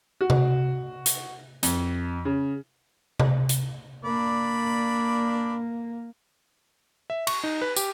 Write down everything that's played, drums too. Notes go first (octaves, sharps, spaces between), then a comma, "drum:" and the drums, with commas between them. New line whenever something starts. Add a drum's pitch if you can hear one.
F#4
drum: tom C3
drum: hi-hat
F2, drum: hi-hat
C#3
drum: tom C3
drum: hi-hat
A#3 D4 D5 B5
E5
C#6, drum: cymbal
D#4
B4
G4, drum: tambourine